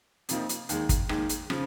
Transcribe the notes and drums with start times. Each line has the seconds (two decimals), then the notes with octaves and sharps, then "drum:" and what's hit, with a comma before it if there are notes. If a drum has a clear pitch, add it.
0.29 F2 C3 F3 A#3 D#4, drum: hi-hat
0.49 drum: hi-hat
0.69 D#2 D#3 G#3, drum: hi-hat
0.89 drum: kick, hi-hat
1.09 D#2 D#3 G#3, drum: rim click
1.29 drum: hi-hat
1.50 C#3 F3, drum: rim click